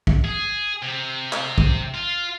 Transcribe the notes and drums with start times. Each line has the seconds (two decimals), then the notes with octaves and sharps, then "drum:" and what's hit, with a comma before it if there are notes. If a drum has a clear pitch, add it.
0.07 drum: kick
0.24 G#4
0.82 C3
1.33 drum: clap
1.58 drum: kick
1.94 F4